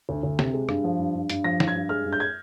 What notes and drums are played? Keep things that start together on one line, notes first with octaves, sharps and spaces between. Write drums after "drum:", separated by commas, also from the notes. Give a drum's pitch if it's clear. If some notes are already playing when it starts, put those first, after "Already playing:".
D2
D2
C3, drum: snare
G#3
G2, drum: rim click
F3
G2
G2
G2, drum: hi-hat
F3 A#6
G2, drum: snare
G#6
G2
G#3 F6
G2
G6
G#6